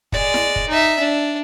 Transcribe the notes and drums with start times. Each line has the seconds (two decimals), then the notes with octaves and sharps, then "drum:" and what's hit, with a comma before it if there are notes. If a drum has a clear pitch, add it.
0.12 G#3 D5, drum: kick
0.34 drum: snare E4
0.56 drum: kick
0.69 D#4 E5
1.00 D4